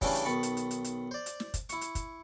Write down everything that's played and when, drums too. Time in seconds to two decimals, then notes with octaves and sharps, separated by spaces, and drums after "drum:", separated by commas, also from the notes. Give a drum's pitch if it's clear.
0.01 C#3 E3 G3 A3 C#4 D4, drum: kick, open hi-hat
0.15 drum: hi-hat
0.25 B1 D#3 A5 B5 C#6
0.43 drum: hi-hat
0.57 drum: hi-hat
0.71 drum: hi-hat
0.84 drum: hi-hat
1.11 C5 D5
1.26 drum: hi-hat
1.40 drum: snare
1.54 drum: kick, hi-hat
1.69 E4 C#6, drum: hi-hat
1.81 drum: hi-hat
1.95 drum: kick, hi-hat